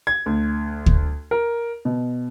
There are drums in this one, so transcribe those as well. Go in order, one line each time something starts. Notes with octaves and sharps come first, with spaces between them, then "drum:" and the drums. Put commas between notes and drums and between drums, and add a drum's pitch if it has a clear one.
G#6
D2
drum: kick D2
A#4
B2